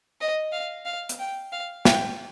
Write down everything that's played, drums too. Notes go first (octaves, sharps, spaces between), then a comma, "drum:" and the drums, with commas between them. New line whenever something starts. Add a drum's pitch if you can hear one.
D#5
F5
F5
drum: hi-hat
G5
F5
G5, drum: snare